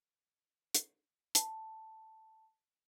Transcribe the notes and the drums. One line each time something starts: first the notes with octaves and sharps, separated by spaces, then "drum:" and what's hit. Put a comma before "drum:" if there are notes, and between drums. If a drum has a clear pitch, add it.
drum: hi-hat
A5, drum: hi-hat